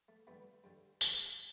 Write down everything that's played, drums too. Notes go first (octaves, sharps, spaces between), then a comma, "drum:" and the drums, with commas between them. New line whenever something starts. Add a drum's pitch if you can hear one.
A3
G2 D3 G3 A3 B3
G2 D3 G3
G2 D3 G3, drum: tambourine